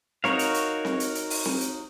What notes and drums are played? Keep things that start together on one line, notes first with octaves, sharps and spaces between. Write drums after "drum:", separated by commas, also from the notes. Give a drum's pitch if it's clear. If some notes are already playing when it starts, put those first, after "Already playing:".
D#4 F#4 A#4 C#5 F5, drum: snare C4
drum: hi-hat
drum: hi-hat
drum: snare C4
drum: hi-hat
drum: hi-hat
drum: open hi-hat
drum: snare C4
drum: hi-hat